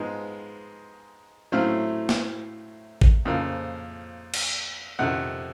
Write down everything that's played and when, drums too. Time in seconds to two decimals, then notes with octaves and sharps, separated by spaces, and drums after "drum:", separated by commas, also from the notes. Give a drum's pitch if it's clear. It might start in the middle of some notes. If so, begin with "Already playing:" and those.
Already playing: G#2 F3 G#3 B3
1.52 A2 F#3 A3 C4 F5
2.09 drum: snare
3.01 drum: kick A1
3.25 F2 C#3 F3 A#3
4.34 drum: cymbal
4.99 F2 C3 D#3 F#5